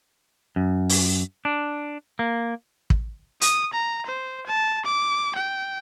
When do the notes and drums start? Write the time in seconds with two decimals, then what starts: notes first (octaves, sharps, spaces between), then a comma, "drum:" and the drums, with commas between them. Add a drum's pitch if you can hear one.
0.56 F#2
0.89 drum: open hi-hat
1.45 D4
2.19 A#3
2.90 drum: kick
3.41 D#6, drum: hi-hat
3.73 A#5
4.07 C5
4.46 A5
4.85 D6
5.35 G5